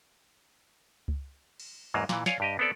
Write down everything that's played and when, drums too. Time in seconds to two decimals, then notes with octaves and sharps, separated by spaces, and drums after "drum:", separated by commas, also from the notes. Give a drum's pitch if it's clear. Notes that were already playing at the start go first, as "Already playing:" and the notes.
1.08 drum: kick C#2
1.60 drum: cymbal
1.94 E2 G#2 F#3 A#3
2.09 A#2 E3, drum: snare
2.26 C#5 D5 F5 G#5, drum: snare
2.40 G2 G4 D#5
2.59 B3 C4 A4 D5